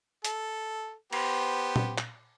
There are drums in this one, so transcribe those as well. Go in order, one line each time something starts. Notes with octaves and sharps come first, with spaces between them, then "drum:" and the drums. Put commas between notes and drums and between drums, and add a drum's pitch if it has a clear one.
A4, drum: hi-hat
B3 G4 C5, drum: cymbal
drum: tom
drum: clap